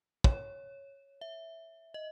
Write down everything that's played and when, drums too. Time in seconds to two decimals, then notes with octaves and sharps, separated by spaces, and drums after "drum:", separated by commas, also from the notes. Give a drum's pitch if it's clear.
0.24 C#5, drum: kick
1.21 E5
1.94 D#5